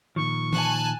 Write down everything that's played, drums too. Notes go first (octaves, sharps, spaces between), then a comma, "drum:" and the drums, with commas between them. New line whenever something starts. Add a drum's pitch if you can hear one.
A#2 D#3 F3 C#6
G#5 A5 F#6, drum: tom E3